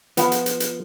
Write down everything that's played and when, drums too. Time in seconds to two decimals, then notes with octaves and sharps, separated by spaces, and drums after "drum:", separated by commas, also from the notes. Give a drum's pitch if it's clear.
0.17 F3 B3 F5, drum: hi-hat
0.32 drum: hi-hat
0.46 drum: hi-hat
0.60 drum: hi-hat